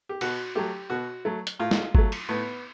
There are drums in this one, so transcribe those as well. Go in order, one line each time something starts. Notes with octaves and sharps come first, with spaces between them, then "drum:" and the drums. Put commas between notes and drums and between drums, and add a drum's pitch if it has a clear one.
G4
B2 F#4, drum: cymbal
F#3 A3 G4
B2 F#4
F#3 A3
drum: hi-hat
A2 F4
drum: snare
F#3 A3, drum: kick G1
drum: cymbal
A2 B3